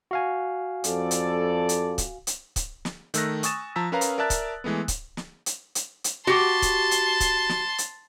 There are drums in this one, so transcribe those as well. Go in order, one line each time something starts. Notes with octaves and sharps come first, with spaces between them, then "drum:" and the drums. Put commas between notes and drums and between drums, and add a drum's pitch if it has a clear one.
F#4 F5 G#5
F2 A4 D5, drum: hi-hat
drum: hi-hat
drum: hi-hat
drum: kick C#1, hi-hat
drum: hi-hat
drum: kick C#1, hi-hat
drum: snare
D#3 A3 E6 F#6 A#6, drum: hi-hat
G#5 C#6 D#6 A6 E7, drum: hi-hat
F3 A5 A#5 E6 B6
C#4 A#4 B4 F5 A#5
drum: hi-hat
A#4 D5 E5 A5 F#6 A6
drum: kick C#1, hi-hat
E3 G#3 A3 B3
drum: kick C#1, hi-hat
drum: snare
drum: hi-hat
drum: hi-hat
drum: hi-hat
F#4 G4 A5 C6
drum: kick C#1, hi-hat
drum: hi-hat
drum: kick C#1, hi-hat
drum: snare
drum: hi-hat